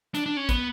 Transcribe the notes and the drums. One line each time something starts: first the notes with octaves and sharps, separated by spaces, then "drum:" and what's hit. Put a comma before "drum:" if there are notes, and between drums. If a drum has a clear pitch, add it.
D4, drum: hi-hat
D4
C#4
B3, drum: kick, hi-hat